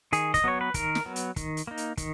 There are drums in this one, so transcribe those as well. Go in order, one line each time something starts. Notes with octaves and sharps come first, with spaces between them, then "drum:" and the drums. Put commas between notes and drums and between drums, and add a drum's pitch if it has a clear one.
D#3 G#4, drum: hi-hat
D#5, drum: kick, hi-hat
F#3 B3 C#5
B4
D#3 A#4, drum: kick, hi-hat
drum: snare
F#3 B3
drum: hi-hat
D#3, drum: kick, hi-hat
drum: hi-hat
A#3 D#4
drum: hi-hat
D#3, drum: kick, hi-hat